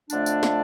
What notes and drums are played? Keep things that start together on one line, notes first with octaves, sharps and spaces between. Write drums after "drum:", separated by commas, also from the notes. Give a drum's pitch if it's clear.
F2 D3 A3 D4, drum: tambourine
drum: tambourine
drum: snare